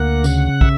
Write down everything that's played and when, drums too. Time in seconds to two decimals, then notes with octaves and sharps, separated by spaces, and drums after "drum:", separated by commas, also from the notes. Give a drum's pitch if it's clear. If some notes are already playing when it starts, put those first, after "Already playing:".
Already playing: D2 A#3 F#5
0.24 C#3, drum: tambourine
0.61 E5, drum: kick